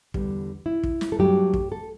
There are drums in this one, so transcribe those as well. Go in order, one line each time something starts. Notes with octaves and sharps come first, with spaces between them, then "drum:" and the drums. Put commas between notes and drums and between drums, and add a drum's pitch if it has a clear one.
E2 D3 G3, drum: kick
E4
drum: kick
drum: snare
A4
G2 F#3 A3 G4
drum: kick
A4